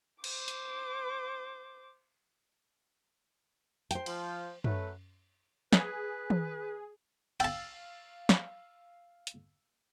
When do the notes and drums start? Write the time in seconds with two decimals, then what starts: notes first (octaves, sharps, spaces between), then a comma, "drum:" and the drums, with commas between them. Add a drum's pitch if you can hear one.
0.24 C5 D6, drum: cymbal
0.48 drum: hi-hat
3.91 C5 G5, drum: hi-hat
4.06 F3, drum: cymbal
4.64 F#3 A3 B4, drum: tom
5.73 G#4 B4, drum: snare
6.30 drum: tom
7.40 F5 G5 A5 E6 A6, drum: cymbal
8.29 drum: snare
9.27 drum: hi-hat